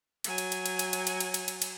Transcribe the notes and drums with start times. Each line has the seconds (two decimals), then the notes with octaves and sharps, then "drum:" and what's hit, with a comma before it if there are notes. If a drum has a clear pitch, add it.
0.24 F#3 G#5, drum: cymbal
0.38 drum: cymbal
0.52 drum: cymbal
0.66 drum: cymbal
0.79 drum: cymbal
0.93 drum: cymbal
1.07 drum: cymbal
1.20 drum: cymbal
1.34 drum: cymbal
1.48 drum: cymbal
1.62 drum: cymbal